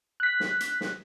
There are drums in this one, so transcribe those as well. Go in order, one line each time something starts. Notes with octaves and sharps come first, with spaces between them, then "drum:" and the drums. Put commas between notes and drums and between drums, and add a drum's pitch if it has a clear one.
F#6 B6
drum: snare
drum: hi-hat
drum: snare